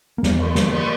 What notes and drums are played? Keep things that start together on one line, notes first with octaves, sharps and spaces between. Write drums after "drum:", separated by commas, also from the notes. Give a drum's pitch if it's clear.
A#3
E2 B3, drum: snare
drum: cymbal
D3 A#3, drum: snare
drum: cymbal